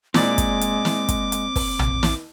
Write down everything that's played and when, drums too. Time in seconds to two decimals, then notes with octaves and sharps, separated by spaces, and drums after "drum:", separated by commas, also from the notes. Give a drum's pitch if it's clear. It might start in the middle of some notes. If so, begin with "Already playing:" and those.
0.14 A#2 G#3 C4 D5 F#5 D6, drum: snare
0.38 drum: kick, hi-hat
0.61 drum: hi-hat
0.85 drum: snare
1.09 drum: kick, hi-hat
1.32 drum: hi-hat
1.56 drum: kick, open hi-hat
1.79 drum: tom A#1
2.03 drum: snare